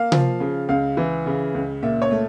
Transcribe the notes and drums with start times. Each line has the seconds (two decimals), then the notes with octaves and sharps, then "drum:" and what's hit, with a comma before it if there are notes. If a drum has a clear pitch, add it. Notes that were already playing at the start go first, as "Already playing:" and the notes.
Already playing: A#3 F5
0.12 F3, drum: tom C3
0.40 C#3
0.69 C#2 F5
0.97 E3
1.26 C#3
1.55 C#2
1.83 A#2 E5
2.02 C#5
2.11 A3